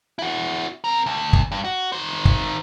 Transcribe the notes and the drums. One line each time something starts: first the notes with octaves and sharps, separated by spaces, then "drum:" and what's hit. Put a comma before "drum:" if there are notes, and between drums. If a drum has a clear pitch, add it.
E4 F#4
C4 A#4
D2
drum: kick
G2
F#4
D#3 C5
drum: kick